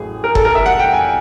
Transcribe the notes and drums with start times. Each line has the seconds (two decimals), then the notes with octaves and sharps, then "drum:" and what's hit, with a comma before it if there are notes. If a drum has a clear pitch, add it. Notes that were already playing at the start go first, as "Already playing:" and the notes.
Already playing: A1 A2 F#3 A3 G#4
0.24 A#4
0.35 A4, drum: kick F#1
0.45 A#4
0.55 E5
0.66 F#5
0.79 G5
0.94 G#5